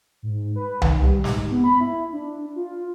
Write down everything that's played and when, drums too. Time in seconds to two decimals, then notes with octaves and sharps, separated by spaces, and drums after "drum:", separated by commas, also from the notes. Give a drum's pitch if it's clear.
0.22 G#2
0.56 B4
0.82 D#3, drum: tom C2
1.02 G3
1.24 G#2, drum: snare
1.51 B3
1.64 B5
1.81 E4
2.13 D4
2.56 F4